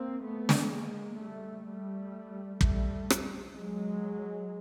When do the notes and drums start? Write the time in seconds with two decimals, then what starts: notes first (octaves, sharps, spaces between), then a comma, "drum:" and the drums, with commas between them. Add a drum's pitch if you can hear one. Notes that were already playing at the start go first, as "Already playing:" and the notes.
Already playing: A#3 C4
0.23 A3 B3
0.49 drum: snare
0.71 G#3 A#3
1.18 G3 A3
1.66 G3 A3
2.61 G3 A3, drum: kick
3.10 drum: rim click
3.55 F#3 G#3